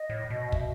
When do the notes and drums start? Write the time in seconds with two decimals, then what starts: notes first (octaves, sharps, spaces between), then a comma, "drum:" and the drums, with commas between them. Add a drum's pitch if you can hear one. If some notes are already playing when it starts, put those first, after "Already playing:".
Already playing: D#5
0.10 A2
0.30 B2
0.52 E5, drum: kick